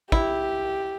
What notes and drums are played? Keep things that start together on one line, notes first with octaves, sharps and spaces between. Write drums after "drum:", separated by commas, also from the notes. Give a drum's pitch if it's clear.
E4 G4, drum: kick